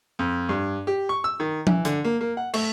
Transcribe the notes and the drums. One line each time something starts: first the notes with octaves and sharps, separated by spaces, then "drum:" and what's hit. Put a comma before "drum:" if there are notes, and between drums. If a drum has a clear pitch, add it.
F2
G2
G4
C#6
E6
D#3
E3, drum: tom F3
D3, drum: hi-hat
A#3
A#3
F#5
A3, drum: cymbal